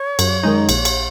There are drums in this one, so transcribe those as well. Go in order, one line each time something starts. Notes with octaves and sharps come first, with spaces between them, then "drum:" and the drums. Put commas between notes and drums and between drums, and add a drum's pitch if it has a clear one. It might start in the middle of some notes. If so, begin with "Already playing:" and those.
Already playing: C#5
F#2, drum: cymbal
D#3 G#3 D#4
A#1, drum: cymbal
drum: cymbal